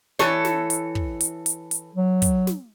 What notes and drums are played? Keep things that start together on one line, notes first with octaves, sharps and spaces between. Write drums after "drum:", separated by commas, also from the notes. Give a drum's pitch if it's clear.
E3 A4 C#5, drum: snare
drum: snare
drum: hi-hat
drum: kick
drum: hi-hat
drum: hi-hat
drum: hi-hat
F#3
drum: kick, hi-hat
drum: snare